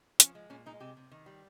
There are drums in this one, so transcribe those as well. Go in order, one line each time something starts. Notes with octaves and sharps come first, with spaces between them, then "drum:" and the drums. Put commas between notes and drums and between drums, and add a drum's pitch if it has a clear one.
F3 C#4, drum: hi-hat
G#3
A#2 C#4
G#3 D#4
C3 G4
C3
D#3
G3